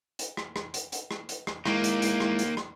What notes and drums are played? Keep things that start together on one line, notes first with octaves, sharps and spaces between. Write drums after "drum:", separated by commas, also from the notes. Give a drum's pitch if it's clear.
drum: hi-hat
drum: rim click
drum: rim click
drum: hi-hat
drum: hi-hat
drum: rim click
drum: hi-hat
drum: rim click
G#3 A#3 D#4 E4, drum: rim click
drum: hi-hat
drum: hi-hat
drum: rim click
drum: hi-hat
drum: rim click